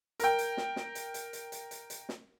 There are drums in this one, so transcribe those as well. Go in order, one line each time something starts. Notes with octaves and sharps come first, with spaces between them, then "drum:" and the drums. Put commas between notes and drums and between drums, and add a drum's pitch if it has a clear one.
A#4 G5, drum: hi-hat
drum: hi-hat
drum: snare
drum: snare
drum: hi-hat
drum: hi-hat
drum: hi-hat
drum: hi-hat
drum: hi-hat
drum: hi-hat
drum: snare